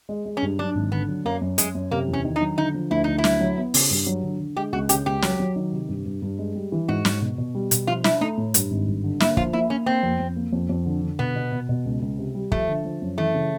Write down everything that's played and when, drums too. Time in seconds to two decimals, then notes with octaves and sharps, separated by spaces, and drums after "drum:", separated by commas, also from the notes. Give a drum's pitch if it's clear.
0.09 G#3
0.25 G#3
0.37 C#4
0.42 G2
0.59 F#3 D4
0.75 G#1
0.92 D3 B3
1.09 F#3
1.25 F#2 A#3
1.41 F#2
1.58 F#2 G#3, drum: hi-hat
1.75 F#2
1.91 C3 A#3
2.08 E2
2.13 C#4
2.24 D#3
2.36 D#4
2.41 F#3
2.58 D3 D#4
2.74 F3
2.91 D2 E4
3.04 D2 D#4
3.18 E4
3.24 F#3, drum: snare
3.40 F#3
3.57 B3
3.74 C#3, drum: open hi-hat
3.91 G2
4.06 F#3
4.23 D3
4.40 D3
4.57 G#3 G4
4.72 C#2 F#4
4.89 C#3 G4, drum: hi-hat
5.06 C#2 G4
5.22 F#3, drum: snare
5.40 F#3
5.56 D#3
5.72 C3
5.89 G2
6.06 G2
6.22 G2
6.39 G#3
6.55 G3
6.72 E3
6.88 G#2 F#4
7.05 G#2, drum: snare
7.21 B2
7.38 B2
7.55 G3
7.71 B2, drum: hi-hat
7.87 F3 F4
8.04 D4 E4, drum: snare
8.21 A3 D#4
8.37 A2
8.54 G2, drum: hi-hat
8.71 G#1
8.87 G2
9.04 D3
9.20 A#3 E4, drum: snare
9.37 F3 F4, drum: kick
9.53 A#3 E4
9.70 A#3 C#4
9.86 A#3 C4
10.03 F2
10.20 F2
10.36 A#3
10.53 F2
10.69 F2
10.86 D3
11.02 D3
11.19 B2 B3
11.36 B2
11.52 B2
11.69 B2
11.85 C#2
12.02 C#2
12.18 C3
12.35 G3
12.52 F3 A3, drum: kick
12.68 D3
12.85 F3
13.02 F#2
13.18 E3 A3
13.34 C#3